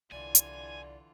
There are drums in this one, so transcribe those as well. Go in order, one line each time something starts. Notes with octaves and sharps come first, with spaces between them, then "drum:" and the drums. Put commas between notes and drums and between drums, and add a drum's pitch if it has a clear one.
C2 D3 E3 F4 D5 G#5
drum: hi-hat